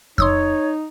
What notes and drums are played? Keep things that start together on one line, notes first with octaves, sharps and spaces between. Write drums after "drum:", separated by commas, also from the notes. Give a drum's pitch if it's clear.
D#4 C#5 C6 D#6 E6, drum: kick F2